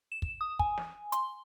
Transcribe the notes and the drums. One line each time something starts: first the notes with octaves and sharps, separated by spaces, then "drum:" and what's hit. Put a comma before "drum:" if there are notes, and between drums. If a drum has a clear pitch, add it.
E7
drum: kick
D#6
G#5, drum: kick
drum: snare
C6, drum: hi-hat